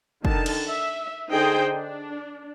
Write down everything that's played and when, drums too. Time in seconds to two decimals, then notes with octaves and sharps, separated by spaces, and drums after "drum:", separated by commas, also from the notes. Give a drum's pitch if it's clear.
0.25 D3 D#3 A5, drum: kick
0.46 drum: cymbal
0.70 E5
1.32 D3 D#4 G#4 C5 D#5 G5
1.73 D4